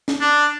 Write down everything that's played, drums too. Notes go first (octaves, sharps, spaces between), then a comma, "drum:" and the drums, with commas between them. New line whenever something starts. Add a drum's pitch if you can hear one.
drum: snare
D4